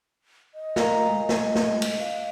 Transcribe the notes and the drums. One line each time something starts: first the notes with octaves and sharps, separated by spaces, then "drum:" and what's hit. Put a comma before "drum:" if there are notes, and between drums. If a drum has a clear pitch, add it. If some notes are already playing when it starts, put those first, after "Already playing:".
D#5
A#4 F5 A#5, drum: snare
G#3
drum: snare
drum: snare
drum: cymbal
F5